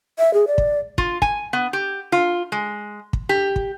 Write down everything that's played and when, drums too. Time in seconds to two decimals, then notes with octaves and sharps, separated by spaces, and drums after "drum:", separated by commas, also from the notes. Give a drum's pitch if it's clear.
0.19 E5
0.34 G#4
0.47 D5
0.58 drum: kick
0.98 F4, drum: kick
1.22 G#5, drum: kick
1.53 B3
1.73 G4
2.12 F4
2.52 G#3
3.13 drum: kick
3.29 G4
3.56 drum: kick